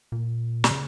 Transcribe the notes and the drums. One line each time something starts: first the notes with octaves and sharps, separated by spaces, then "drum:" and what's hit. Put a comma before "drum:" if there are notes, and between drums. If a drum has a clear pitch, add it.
A#2
B2, drum: snare
C#3